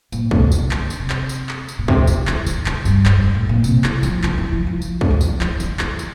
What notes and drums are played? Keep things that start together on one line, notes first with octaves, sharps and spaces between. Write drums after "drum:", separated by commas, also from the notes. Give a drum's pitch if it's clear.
A#2, drum: tambourine
C3, drum: kick
D3, drum: tambourine
D3, drum: clap
drum: tambourine
C3
drum: clap
drum: tambourine
drum: clap
drum: tambourine
A#2
C3, drum: kick
D3, drum: tambourine
E3, drum: clap
D3, drum: tambourine
D3, drum: clap
G2, drum: tambourine
G2, drum: clap
G2
A2
A#2
C3, drum: tambourine
E3, drum: clap
F3, drum: tambourine
D3, drum: clap
E3
F3
F3
drum: tambourine
drum: kick
F3
drum: tambourine
E3, drum: clap
D3, drum: tambourine
E3, drum: clap
drum: tambourine